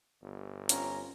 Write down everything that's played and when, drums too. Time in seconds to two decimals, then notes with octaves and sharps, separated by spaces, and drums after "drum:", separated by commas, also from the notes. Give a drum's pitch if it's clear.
0.22 G1
0.69 C4 C#4 F4 A#5, drum: hi-hat